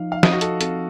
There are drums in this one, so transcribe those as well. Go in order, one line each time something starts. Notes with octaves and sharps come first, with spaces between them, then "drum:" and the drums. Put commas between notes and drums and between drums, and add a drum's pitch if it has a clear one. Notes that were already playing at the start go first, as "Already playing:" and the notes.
Already playing: F3 D#4 F5
F5
F3 D#5, drum: snare
F#4
A4, drum: hi-hat
C4 A4, drum: hi-hat